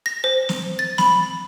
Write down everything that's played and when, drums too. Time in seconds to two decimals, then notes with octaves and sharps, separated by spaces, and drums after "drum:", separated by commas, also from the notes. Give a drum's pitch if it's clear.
0.06 A#6
0.24 C5
0.49 drum: snare
0.79 A6
0.98 B5, drum: snare